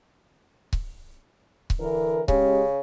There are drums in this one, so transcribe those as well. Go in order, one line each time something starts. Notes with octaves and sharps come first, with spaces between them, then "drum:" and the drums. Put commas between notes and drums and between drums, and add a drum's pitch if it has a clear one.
drum: kick C#1
drum: kick C#1
D3 E3 A#4
C#3 G#3 C#4 G4, drum: kick C#1